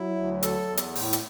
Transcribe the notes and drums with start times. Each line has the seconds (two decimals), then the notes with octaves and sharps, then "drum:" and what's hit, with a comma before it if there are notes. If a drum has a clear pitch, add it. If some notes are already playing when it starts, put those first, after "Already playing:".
Already playing: F#3 E4
0.16 D2
0.43 A4, drum: hi-hat
0.68 E2
0.77 drum: hi-hat
0.95 A2, drum: open hi-hat
1.13 drum: hi-hat